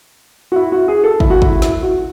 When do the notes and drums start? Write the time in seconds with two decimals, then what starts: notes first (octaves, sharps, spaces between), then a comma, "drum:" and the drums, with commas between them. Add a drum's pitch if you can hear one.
0.52 F#4
0.56 E4
0.72 F#4
0.88 G#4
1.04 A4
1.20 E4, drum: kick
1.30 F#4
1.42 E4, drum: kick
1.62 drum: snare
1.83 F#4